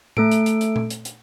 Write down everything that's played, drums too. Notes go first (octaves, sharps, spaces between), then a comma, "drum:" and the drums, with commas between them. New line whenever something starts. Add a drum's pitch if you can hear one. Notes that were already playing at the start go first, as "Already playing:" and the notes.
A3 A4 D7, drum: tom A2
drum: hi-hat
drum: hi-hat
drum: hi-hat
drum: tom A#2
drum: hi-hat
drum: hi-hat